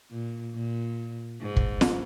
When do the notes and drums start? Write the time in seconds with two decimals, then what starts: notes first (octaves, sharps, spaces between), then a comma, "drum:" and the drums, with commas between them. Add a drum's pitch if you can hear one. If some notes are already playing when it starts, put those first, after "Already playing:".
0.11 A#2
0.54 A#2
1.41 G#2
1.56 drum: kick
1.81 drum: snare